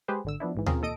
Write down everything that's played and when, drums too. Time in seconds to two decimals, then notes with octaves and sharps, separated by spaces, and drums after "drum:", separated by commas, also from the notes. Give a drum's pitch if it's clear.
0.08 G#3 G4 G#4 B4 C5
0.25 G#1 D3 E6
0.40 F3 B3 D4 E4
0.55 A1 G#2 E3
0.66 C4 C#4 F4 G#4 A#4, drum: tom D2
0.81 D#2 A#2 A4 D#5 D#6 D7